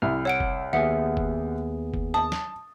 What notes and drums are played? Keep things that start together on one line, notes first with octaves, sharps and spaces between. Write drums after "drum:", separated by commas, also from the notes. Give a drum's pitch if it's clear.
C2 E4 F6
C#5 F#5 E6 D7
drum: kick
D#2 B3 G#4 E5 F#5
drum: kick
drum: kick
A5 D#6
drum: snare